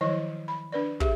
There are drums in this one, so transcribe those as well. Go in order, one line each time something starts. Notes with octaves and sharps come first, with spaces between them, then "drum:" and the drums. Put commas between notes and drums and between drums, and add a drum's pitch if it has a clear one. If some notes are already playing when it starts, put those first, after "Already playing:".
D#3 F3 F#3 E4 C#5 D#5
B5
D4 B4 D5
G4 G#4 E5, drum: kick